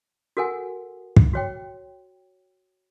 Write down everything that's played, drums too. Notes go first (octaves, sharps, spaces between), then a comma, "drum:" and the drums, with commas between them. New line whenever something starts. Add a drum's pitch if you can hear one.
F#4 A4 A#4 F#5 G#5
drum: kick
F#4 C#5 G5